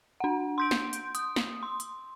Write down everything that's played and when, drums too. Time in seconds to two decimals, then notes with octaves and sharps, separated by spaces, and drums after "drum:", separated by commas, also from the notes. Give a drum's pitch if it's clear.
0.20 D4 F#5
0.58 C6 G6 D7
0.71 drum: snare
0.93 drum: hi-hat
1.15 D#6, drum: hi-hat
1.36 drum: snare
1.63 C6
1.80 drum: hi-hat